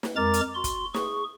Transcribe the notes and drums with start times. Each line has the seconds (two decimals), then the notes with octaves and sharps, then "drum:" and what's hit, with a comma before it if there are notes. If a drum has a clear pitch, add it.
0.03 drum: snare
0.16 F2 G#3 A#4 A#5 D6 A6
0.34 drum: hi-hat
0.55 F#4 C6
0.64 drum: kick, hi-hat
0.94 G#4 C#6, drum: snare